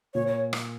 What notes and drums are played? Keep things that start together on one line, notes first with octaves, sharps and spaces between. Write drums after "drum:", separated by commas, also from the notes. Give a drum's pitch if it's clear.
A#2 C#5
C#5
drum: rim click